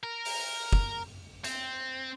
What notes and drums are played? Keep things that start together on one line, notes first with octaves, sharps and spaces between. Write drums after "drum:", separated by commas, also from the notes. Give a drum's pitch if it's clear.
A#4
drum: open hi-hat
drum: kick
C4, drum: hi-hat